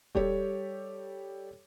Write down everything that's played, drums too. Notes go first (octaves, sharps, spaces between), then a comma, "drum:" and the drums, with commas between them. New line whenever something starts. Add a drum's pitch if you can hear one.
G3 G4 A4 C#5, drum: kick D#1